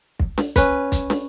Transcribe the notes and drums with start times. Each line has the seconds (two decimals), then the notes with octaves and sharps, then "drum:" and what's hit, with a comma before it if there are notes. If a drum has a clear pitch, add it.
0.19 drum: kick
0.38 drum: snare
0.56 C#4 B4, drum: kick, hi-hat
0.92 drum: kick, hi-hat
1.10 drum: snare